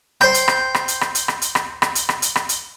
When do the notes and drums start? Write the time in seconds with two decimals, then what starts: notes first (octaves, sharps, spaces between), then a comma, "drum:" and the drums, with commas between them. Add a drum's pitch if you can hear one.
0.21 C5 G5, drum: rim click
0.34 drum: hi-hat
0.48 drum: rim click
0.75 drum: rim click
0.88 drum: hi-hat
1.01 drum: rim click
1.15 drum: hi-hat
1.28 drum: rim click
1.42 drum: hi-hat
1.55 drum: rim click
1.82 drum: rim click
1.95 drum: hi-hat
2.09 drum: rim click
2.22 drum: hi-hat
2.36 drum: rim click
2.49 drum: hi-hat